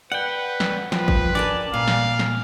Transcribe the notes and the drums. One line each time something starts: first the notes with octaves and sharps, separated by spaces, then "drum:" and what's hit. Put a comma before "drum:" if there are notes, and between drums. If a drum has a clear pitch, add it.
B4 D5 F#5 G5
drum: snare
F3 B4 G5, drum: snare
drum: kick
C#4 A#4 D5 A5
A#2 F5
drum: snare
drum: snare